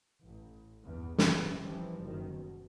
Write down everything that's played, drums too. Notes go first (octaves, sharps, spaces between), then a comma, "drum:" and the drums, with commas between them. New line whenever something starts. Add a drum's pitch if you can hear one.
A1
E2 G2
F1 F2 D#3 E3 C#4, drum: snare
E3 F3 G3
F#1 D#3
B2